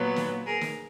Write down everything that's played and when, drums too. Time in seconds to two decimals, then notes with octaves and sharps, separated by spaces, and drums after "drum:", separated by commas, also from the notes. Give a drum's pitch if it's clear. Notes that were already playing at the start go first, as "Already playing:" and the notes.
Already playing: A#2 F#3 B3
0.16 drum: snare
0.46 G#4 A#4
0.61 drum: snare